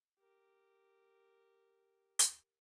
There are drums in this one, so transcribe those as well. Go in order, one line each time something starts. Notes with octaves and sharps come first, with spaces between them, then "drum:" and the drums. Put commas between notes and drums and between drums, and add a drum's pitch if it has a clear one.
G4 A#4
drum: hi-hat